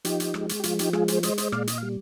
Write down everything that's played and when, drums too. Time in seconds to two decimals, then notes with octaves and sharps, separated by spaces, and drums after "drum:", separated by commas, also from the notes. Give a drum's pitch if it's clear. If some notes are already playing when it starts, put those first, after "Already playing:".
0.05 F3 D#4 G4, drum: hi-hat
0.20 drum: hi-hat
0.34 G#3, drum: rim click
0.49 drum: hi-hat
0.60 G4
0.63 F3 F4, drum: hi-hat
0.79 D#4 G4, drum: hi-hat
0.93 G#3 F4 G#4, drum: rim click
1.08 G#4 C5, drum: hi-hat
1.23 G#3 C5 D#5, drum: hi-hat
1.38 C5 D#5, drum: hi-hat
1.52 A#2 D5 F5, drum: rim click
1.67 D#5, drum: hi-hat
1.78 G3 F5